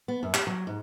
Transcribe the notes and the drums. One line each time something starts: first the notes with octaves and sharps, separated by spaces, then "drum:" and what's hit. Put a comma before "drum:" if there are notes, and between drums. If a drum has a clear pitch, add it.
B3
F#2
G4, drum: clap
F#3
G#2